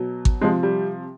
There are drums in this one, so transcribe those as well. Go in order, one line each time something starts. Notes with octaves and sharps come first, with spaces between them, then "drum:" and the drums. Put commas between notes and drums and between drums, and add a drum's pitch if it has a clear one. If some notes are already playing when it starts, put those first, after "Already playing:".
Already playing: B2 F#3
drum: kick G#1
C3 F3 G#3
G3